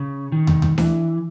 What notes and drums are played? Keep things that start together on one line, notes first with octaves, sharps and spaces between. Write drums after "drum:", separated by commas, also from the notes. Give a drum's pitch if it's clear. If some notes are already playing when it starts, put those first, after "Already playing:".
Already playing: C#3
D#3
drum: tom
drum: tom
E3, drum: snare D4